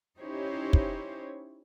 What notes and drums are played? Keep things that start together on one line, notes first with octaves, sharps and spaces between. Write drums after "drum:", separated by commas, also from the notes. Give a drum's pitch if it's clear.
C#4 D#4 E4 G4 C5 C#5
drum: kick